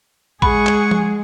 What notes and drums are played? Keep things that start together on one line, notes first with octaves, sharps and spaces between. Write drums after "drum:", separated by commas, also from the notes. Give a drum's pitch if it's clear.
G#3 G#4 F#5 B5 C#6, drum: kick A1
drum: clap
drum: tom F3